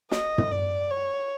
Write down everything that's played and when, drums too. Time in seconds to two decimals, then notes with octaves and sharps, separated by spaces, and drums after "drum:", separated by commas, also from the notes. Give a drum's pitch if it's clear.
0.11 D#5, drum: snare
0.38 drum: tom
0.51 D5
0.90 C#5